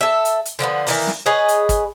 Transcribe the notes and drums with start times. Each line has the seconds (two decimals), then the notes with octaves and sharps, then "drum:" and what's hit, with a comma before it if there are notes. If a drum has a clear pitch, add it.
0.01 A4 E5
0.25 drum: hi-hat
0.45 drum: hi-hat
0.59 D3 F3 A#3 B3
0.87 D#3 E3 A#3, drum: open hi-hat
1.07 drum: snare
1.26 G#4 B4 C#5 D#5
1.48 drum: hi-hat
1.69 drum: kick, hi-hat